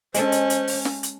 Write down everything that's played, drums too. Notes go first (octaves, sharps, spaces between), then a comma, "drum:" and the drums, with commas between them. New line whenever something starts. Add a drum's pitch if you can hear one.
G#3 C#4 A4 C5, drum: hi-hat
drum: hi-hat
drum: hi-hat
drum: open hi-hat
drum: snare
drum: hi-hat